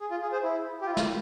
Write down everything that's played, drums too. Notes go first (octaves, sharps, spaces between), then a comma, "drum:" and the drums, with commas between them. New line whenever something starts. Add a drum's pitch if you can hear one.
G#4
F4
G#4
G#4 C5
E4
G4
F4
E4
F4, drum: snare